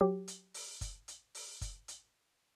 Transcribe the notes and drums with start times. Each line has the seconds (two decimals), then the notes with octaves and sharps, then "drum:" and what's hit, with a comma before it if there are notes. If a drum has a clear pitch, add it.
0.01 F#3 G4
0.28 drum: hi-hat
0.54 drum: open hi-hat
0.81 drum: kick F#1, hi-hat
1.08 drum: hi-hat
1.35 drum: open hi-hat
1.61 drum: kick F#1, hi-hat
1.88 drum: hi-hat